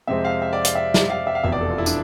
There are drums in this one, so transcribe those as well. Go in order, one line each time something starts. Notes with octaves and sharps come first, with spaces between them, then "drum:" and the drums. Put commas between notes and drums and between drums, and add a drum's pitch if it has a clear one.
F2 C3 G#3 C4 E5
F5
E5
D5
F5, drum: hi-hat
E5
drum: snare
F5
E5
F5
F1 E2 B2 B3 E5
D5
A4
F4
E4
D4, drum: tambourine